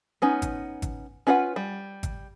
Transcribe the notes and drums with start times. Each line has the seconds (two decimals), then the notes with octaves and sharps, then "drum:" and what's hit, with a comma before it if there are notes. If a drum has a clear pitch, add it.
0.22 B3 C#4 D#4
0.42 drum: kick G#1, hi-hat
0.82 drum: kick G#1, hi-hat
1.27 C#4 F4 B4 D5 F#5
1.56 G3
2.03 drum: kick G#1, hi-hat